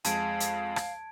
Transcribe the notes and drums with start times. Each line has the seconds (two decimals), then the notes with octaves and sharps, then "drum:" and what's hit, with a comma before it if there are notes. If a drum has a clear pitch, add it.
0.05 F2 G#3 F5 A5 G#6 D7, drum: hi-hat
0.40 drum: hi-hat
0.76 drum: rim click